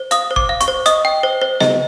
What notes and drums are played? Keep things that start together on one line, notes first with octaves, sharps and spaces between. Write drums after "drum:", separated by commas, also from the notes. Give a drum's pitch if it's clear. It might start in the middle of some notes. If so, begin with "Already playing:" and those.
Already playing: C5
F5 D#6, drum: hi-hat
C5
D6, drum: kick
F5
C#6, drum: hi-hat
C5
D#5 D#6, drum: hi-hat
G5
C5
C5
D#5, drum: snare B3